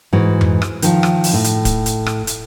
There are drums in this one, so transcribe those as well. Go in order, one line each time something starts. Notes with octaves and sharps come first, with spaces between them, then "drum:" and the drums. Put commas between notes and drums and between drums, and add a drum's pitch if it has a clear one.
G#2 E3 F#4
drum: tom F2
drum: rim click
D#3 F3, drum: hi-hat
drum: rim click
drum: open hi-hat
A2
drum: hi-hat
drum: kick, hi-hat
drum: hi-hat
drum: rim click
drum: hi-hat